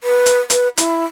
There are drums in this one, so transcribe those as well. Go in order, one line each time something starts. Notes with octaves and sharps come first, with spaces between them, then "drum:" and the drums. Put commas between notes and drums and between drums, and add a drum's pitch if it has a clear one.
B4
drum: hi-hat
B4, drum: hi-hat
E4, drum: hi-hat